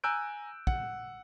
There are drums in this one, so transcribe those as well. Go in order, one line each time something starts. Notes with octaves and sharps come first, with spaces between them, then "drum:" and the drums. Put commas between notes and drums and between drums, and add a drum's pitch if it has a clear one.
G#5 A#5 E6 F#6 G6 D7
F#5, drum: kick